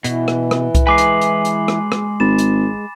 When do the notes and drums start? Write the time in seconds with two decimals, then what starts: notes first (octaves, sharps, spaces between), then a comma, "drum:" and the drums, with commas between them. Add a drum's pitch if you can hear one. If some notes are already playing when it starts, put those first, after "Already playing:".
0.04 B2 E3, drum: hi-hat
0.28 drum: rim click
0.51 drum: rim click
0.75 drum: kick C2, hi-hat
0.87 G#3 B4 G#5 D6 C7
0.98 drum: hi-hat
1.21 drum: hi-hat
1.45 drum: hi-hat
1.68 drum: rim click
1.92 drum: rim click
2.20 G#1 B5 A6 E7
2.38 drum: hi-hat